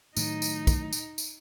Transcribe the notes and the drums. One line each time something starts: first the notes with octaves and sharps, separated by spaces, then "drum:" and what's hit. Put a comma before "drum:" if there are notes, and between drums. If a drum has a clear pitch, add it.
A2 D#3 F#3 D#4, drum: tambourine
drum: tambourine
drum: kick, tambourine
drum: tambourine
drum: tambourine